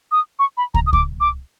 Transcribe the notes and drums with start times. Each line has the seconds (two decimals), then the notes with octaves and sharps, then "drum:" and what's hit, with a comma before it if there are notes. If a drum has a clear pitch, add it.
0.12 D#6
0.39 C#6
0.57 B5
0.74 A#5, drum: kick
0.87 D#6
0.93 D6, drum: kick
1.20 D6